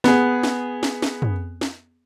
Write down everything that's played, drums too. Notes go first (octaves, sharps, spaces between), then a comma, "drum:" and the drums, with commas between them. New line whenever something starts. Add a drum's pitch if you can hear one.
B3 G#4, drum: snare
drum: snare
drum: snare
drum: snare
drum: tom
drum: snare